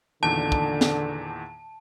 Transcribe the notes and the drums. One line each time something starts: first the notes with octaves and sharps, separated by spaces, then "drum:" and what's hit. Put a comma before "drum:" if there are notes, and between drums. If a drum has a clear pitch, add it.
E2 A#2 D3 D#3 A5
drum: kick
drum: snare